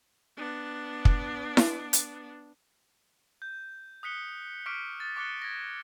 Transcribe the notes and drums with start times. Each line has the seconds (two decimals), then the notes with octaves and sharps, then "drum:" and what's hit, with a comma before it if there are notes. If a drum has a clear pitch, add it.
0.37 B3 D4
1.05 drum: kick
1.57 drum: snare E4
1.93 drum: hi-hat
3.42 G6
4.03 D#6 F#6 B6 C#7 G7
4.66 C#6 D6 F6 B6 D7
5.00 A6
5.16 C#6 D6 F#6 C#7 G7
5.42 G#6 A#6